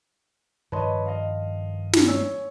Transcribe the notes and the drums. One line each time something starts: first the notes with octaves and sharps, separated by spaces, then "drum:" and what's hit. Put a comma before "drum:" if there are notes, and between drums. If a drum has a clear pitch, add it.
G2 D#3 F3 B4 C#5 D#5 A5 C6
D#5 F5
drum: snare
C#5 G#5 E6